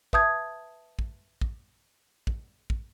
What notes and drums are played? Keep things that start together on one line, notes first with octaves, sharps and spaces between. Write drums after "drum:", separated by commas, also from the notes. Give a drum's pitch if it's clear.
B4 E5 A5 D#6 G6 G#6, drum: kick
drum: kick
drum: kick
drum: kick
drum: kick